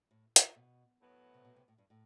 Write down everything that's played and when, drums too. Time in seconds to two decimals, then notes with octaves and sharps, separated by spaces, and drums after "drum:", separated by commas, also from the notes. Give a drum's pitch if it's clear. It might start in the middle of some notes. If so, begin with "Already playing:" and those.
0.11 A2
0.36 drum: hi-hat
0.56 B2
1.00 A2 F#3 B3
1.34 C3
1.45 B2
1.56 C3
1.68 A2
1.78 G2
1.90 A2